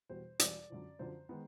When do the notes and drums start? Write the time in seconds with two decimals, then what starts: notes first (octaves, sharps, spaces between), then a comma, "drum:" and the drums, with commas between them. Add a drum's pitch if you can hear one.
0.10 E2 B2 G3 C5
0.39 E2 B2 G3 D5, drum: hi-hat
0.70 F#2 D3 F3
0.99 F#2 D3 F3 C5
1.29 D#3 G#3 B3